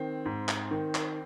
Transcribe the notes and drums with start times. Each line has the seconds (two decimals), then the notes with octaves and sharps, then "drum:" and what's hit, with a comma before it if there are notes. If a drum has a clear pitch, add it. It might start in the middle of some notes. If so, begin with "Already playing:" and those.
Already playing: D#3 C4
0.26 G#2
0.49 drum: clap
0.71 D#3
0.95 drum: clap